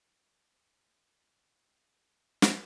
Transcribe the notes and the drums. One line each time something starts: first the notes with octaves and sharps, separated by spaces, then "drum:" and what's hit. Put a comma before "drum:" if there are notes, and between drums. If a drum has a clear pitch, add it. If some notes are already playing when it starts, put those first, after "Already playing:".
A#4
B4
B4
A#4
B4
A#4
drum: snare